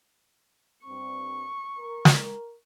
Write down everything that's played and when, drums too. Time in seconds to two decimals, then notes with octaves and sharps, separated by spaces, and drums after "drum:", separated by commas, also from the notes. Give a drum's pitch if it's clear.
0.86 G2 C4 C#6
1.79 A#4
2.05 drum: snare